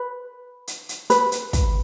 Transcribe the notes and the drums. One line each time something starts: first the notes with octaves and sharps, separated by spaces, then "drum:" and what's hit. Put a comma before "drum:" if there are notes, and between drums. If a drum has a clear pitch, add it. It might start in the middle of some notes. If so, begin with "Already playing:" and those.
Already playing: B4
drum: hi-hat
drum: hi-hat
B4, drum: hi-hat
drum: hi-hat
drum: kick, hi-hat